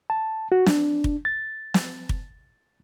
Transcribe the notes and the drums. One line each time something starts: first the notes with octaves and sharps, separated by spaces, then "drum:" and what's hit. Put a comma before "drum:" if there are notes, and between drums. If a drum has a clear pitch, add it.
A5
F#4
D4, drum: snare
drum: kick
A6
drum: snare
drum: kick